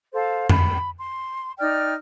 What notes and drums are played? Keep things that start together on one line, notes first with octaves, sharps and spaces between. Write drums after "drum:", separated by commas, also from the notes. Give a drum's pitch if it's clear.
A4 C5 F5
B5, drum: tom F2
C6
D#4 D5 G5 F6